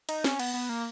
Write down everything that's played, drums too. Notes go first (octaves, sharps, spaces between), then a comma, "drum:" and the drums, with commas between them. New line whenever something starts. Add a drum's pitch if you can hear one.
D#4, drum: cymbal
C#4, drum: snare
B3, drum: cymbal
B3
A#3